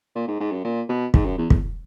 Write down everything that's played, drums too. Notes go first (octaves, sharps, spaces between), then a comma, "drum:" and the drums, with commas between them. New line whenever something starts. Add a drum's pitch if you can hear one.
A#2
G#2
G#2
F#2
A#2
B2
G#2, drum: kick
F#2
E2
E2, drum: kick